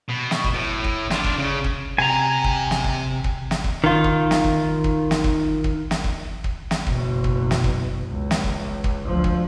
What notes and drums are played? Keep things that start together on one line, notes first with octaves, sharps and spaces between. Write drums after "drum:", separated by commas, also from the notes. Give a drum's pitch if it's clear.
B2
drum: snare
drum: kick
A2
drum: kick
D4 F4, drum: snare
drum: kick
C#3
drum: kick
C3 G4 G#5 A#5
drum: kick
drum: snare
drum: kick
drum: kick
drum: snare
drum: kick
D#3 F4
drum: kick
drum: snare
drum: kick
drum: kick
drum: snare
drum: kick
drum: kick
drum: snare
drum: kick
drum: kick
drum: snare
F#1 B2, drum: kick
drum: kick
drum: snare
drum: kick
C#2
drum: snare
drum: kick
drum: kick
D2 F3
drum: kick